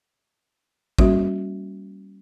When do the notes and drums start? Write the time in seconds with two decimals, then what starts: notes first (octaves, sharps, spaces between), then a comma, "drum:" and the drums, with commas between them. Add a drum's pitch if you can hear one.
0.98 G3 A#3 C#4 F#4 E5, drum: kick G#1